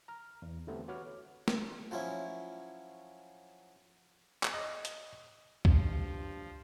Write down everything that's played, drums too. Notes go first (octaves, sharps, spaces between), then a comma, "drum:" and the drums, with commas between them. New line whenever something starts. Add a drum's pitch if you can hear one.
A#5 F6
E2
D3 E3 G3 A3 B3 C4
F#4 B4 C#5 D6 F6
drum: snare
F3 F#3 C#4 E4
drum: clap
D#5
drum: hi-hat
G2 F3, drum: kick